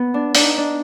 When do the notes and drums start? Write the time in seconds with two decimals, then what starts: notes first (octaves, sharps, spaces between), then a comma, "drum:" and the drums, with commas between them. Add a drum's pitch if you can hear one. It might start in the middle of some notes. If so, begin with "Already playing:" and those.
Already playing: B3
0.14 D4
0.35 D4, drum: open hi-hat
0.40 D#4
0.58 D4